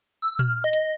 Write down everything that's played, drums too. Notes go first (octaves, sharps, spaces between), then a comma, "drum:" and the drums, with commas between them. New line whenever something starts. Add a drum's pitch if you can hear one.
E6
F6, drum: tom A#2
D#5
drum: hi-hat